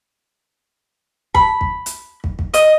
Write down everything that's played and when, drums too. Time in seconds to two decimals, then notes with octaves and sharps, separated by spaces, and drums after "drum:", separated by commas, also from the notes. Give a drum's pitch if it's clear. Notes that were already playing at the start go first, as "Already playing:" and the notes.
1.35 B5, drum: kick
1.61 drum: kick
1.86 drum: hi-hat
2.24 drum: kick
2.39 drum: kick
2.54 D#5, drum: hi-hat